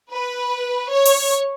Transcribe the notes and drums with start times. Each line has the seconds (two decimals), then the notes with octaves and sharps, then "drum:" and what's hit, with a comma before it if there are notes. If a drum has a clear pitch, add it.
0.12 B4
0.92 C#5
1.05 drum: open hi-hat